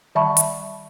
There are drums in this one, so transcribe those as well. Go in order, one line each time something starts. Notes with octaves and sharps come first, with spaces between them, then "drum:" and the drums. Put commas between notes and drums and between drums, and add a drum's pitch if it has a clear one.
D#3 G3 E5 A5 B5 C#6
drum: hi-hat